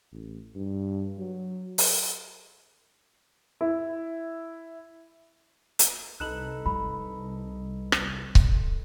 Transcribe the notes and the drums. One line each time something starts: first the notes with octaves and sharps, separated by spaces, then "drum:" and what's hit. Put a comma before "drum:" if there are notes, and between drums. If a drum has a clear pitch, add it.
A1
G2
F#3
drum: open hi-hat
E4
drum: hi-hat
C2 D#4 A4 B4 F#6 E7 F#7
G3 B5
drum: rim click
drum: kick C#1